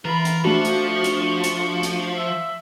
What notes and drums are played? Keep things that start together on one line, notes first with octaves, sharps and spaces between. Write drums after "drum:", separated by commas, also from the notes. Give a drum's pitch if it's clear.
E3 F4 A#4 B5
drum: hi-hat
F3 A3 D4 F#4 C#6
drum: hi-hat
drum: hi-hat
drum: hi-hat
drum: hi-hat
E5